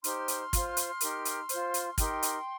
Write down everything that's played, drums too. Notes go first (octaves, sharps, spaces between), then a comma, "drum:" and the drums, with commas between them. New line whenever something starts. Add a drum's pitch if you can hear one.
D#4 G4 C5 C6 F6, drum: hi-hat
drum: hi-hat
F4 C5, drum: kick, hi-hat
drum: hi-hat
D#4 G4 A#4, drum: hi-hat
drum: hi-hat
F4 C5, drum: hi-hat
drum: hi-hat
D#4 G4 A#4 G5 C6, drum: kick, hi-hat
drum: hi-hat